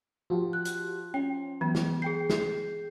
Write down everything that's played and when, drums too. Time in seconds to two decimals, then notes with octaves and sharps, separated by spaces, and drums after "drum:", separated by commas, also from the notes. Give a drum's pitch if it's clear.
0.30 F3 F#4 G4
0.53 F#6
0.65 drum: hi-hat
1.14 C#4 G5
1.61 E3 F#3 B3
1.75 drum: snare
2.02 G#4 G5 G6 C7
2.30 drum: snare